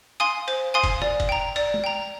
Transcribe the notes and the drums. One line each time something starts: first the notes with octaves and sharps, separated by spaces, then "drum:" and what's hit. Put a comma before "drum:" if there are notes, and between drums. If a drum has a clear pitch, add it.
F5 G#5 C6 D#6
C5, drum: cymbal
F5 G#5 C6 D#6
drum: kick, cymbal
D5, drum: rim click
drum: kick, cymbal
G5 A#5
D5, drum: cymbal
drum: tom
G5 A#5